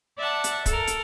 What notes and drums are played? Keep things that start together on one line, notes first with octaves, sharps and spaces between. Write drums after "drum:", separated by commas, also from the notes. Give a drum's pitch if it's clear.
D5 E5 F#5 A5
drum: hi-hat
A4 A#4, drum: kick, hi-hat
drum: hi-hat